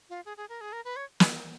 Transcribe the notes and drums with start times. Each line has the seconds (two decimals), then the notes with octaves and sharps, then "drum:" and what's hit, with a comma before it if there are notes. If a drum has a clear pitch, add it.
0.09 F4
0.25 G#4
0.37 G#4
0.49 A#4
0.61 G#4
0.72 A#4
0.85 B4
0.96 C#5
1.20 drum: snare